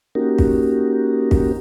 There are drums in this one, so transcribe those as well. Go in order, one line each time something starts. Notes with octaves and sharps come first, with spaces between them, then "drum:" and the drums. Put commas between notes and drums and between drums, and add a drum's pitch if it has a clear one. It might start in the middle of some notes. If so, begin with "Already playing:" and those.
A#3 C#4 D#4 F#4 G4 A#4
drum: kick
drum: kick